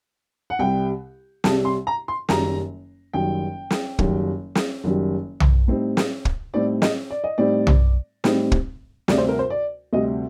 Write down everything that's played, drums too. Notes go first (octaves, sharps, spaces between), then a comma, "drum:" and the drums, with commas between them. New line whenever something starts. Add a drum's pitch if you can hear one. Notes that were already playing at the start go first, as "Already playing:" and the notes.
F#5
C2 C3 G3 G5
C2 C3 G3 A5, drum: snare
C6
A#5
C6
F#1 F#2 D#3 G3 A#5, drum: snare
F#1 F#2 D#3 G3 G5
drum: snare
F#1 F#2 D#3 G3, drum: kick
drum: snare
F#1 F#2 D#3 G3
drum: tom B1
A2 G3 C4 D#4
drum: snare
drum: kick
A2 G3 C4 D#4 D5
D#5, drum: snare
D5
D#5
A2 G3 C4 D#4 D5
drum: tom B1
A2 G3 C4 D#4, drum: snare
drum: kick
D2 C3 G3 D5, drum: snare
C5
A#4
C5
D5
D2 C3 G3 D#5